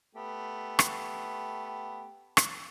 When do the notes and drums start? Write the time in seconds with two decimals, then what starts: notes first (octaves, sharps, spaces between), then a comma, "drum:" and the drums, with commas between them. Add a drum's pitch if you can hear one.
0.15 A3 B3 G4
0.79 drum: rim click
2.37 drum: rim click